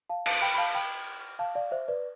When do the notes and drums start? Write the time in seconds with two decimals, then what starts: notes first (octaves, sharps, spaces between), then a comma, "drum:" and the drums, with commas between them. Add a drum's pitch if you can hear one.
0.09 F5 A5
0.26 F5 A5, drum: cymbal
0.42 G5 B5
0.54 B5
0.58 F5 A5
0.74 G5 B5
1.39 F5 A5
1.55 D5 F5
1.71 C5 E5
1.88 B4 D5